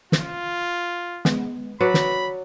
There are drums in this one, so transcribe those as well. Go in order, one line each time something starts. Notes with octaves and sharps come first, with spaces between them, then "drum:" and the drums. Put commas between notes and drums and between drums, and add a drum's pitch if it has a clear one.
F4, drum: snare
G#3 B3, drum: snare
F#3 F#4 B4 D5 B5
drum: snare